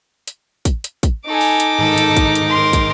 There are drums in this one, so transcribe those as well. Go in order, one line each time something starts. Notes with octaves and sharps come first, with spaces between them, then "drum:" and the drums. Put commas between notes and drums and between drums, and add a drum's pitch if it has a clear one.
drum: hi-hat
drum: kick, hi-hat
drum: hi-hat
drum: kick, hi-hat
D#4 A4 G#5 D6
drum: open hi-hat
drum: hi-hat
G#2 D#3 A4
drum: hi-hat
drum: kick, hi-hat
drum: hi-hat
A#4 C6
drum: kick, hi-hat